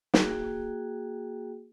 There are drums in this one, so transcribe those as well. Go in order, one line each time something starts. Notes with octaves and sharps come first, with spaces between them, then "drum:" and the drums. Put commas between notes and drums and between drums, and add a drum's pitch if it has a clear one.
A#3 F#4 G#4 G5, drum: snare